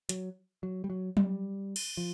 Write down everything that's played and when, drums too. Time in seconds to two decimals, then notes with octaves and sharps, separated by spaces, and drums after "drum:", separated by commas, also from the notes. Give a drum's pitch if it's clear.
0.09 F#3, drum: hi-hat
0.63 F#3
0.84 G3
0.90 F#3
1.17 G3, drum: tom F#3
1.76 drum: cymbal
1.97 F3